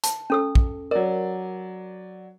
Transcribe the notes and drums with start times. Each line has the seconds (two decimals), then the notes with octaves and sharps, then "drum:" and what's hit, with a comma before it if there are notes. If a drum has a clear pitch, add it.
0.04 A5, drum: hi-hat
0.30 C#4 A4 E6
0.55 drum: kick
0.91 F#3 A#4 D5